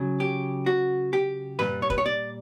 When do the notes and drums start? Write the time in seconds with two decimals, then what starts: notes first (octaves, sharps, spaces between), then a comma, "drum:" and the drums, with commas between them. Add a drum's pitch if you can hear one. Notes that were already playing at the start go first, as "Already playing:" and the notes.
Already playing: C#3 F#3
0.20 G4
0.66 F#4
1.13 G4
1.59 A#2 G3 B4, drum: tom F#2
1.82 C#5
1.90 B4, drum: kick
1.98 C#5
2.06 D5